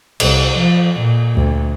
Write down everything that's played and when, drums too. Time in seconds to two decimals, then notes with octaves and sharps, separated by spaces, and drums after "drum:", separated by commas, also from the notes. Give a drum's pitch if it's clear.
0.20 C2, drum: cymbal
0.58 F3
1.00 A#2
1.35 D2